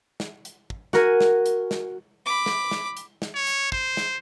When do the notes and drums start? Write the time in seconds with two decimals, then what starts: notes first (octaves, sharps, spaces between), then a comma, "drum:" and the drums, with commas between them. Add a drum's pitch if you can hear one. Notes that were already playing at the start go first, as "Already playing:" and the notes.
0.20 drum: snare
0.45 drum: hi-hat
0.70 drum: kick
0.93 F#4 A#4 G#5, drum: snare
1.20 drum: snare
1.46 drum: hi-hat
1.71 drum: snare
2.26 B5 D6
2.46 drum: snare
2.71 drum: snare
2.97 drum: hi-hat
3.22 drum: snare
3.35 C#5
3.47 drum: hi-hat
3.72 C5, drum: kick
3.97 drum: snare